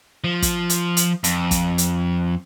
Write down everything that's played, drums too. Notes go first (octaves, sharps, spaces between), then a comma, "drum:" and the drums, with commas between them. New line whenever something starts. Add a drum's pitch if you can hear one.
F3
drum: kick, hi-hat
drum: hi-hat
drum: hi-hat
F2, drum: hi-hat
drum: kick, hi-hat
drum: hi-hat